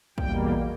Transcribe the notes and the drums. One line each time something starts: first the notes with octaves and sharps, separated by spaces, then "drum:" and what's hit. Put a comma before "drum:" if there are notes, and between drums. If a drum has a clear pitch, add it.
E2 B2 G3 A#3 G5, drum: kick